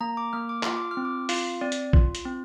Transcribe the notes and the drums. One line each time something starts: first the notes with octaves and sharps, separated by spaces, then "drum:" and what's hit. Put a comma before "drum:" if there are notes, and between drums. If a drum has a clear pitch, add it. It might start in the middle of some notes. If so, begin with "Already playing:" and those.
A#3 A#5
D6
A#3 F6
D6
F4 F6, drum: clap
D6
F6
C4
D6
F4 F5, drum: open hi-hat
C4 D5
drum: hi-hat
F4, drum: kick A#1
drum: hi-hat
C4